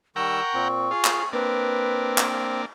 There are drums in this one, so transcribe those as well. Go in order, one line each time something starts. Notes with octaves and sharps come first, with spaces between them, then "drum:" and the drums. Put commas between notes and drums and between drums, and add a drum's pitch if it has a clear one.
D#3 G3 A#4 F#5 G5 C#6 E6
A#2 C4
F4 G#4
drum: clap
A#3 C4 D4 B4
drum: clap